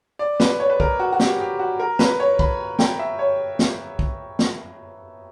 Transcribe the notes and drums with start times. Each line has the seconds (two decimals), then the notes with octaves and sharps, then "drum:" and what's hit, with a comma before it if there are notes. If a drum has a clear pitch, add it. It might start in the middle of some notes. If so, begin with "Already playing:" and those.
0.19 D5
0.40 B4, drum: snare
0.60 C#5
0.70 B4
0.80 A#4, drum: kick
0.99 F#4
1.13 F#4
1.20 G4, drum: snare
1.40 G4
1.59 F#4
1.79 A#4
1.99 B4, drum: snare
2.20 C#5
2.39 B5, drum: kick
2.79 G5, drum: snare
2.99 E5
3.19 C#5
3.59 drum: snare
3.99 drum: kick
4.39 drum: snare